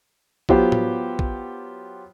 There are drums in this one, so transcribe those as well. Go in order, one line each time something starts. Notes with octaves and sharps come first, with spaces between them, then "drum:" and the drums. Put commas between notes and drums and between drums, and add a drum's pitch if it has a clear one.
F#3 B3 F4 G4 C5, drum: kick A#1
drum: tom A2
drum: kick A#1